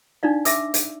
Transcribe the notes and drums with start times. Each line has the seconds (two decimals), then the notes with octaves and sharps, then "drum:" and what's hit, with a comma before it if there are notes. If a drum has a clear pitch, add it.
0.23 D4 D#4 D5 F5
0.45 E5 D6 E6, drum: hi-hat
0.74 drum: hi-hat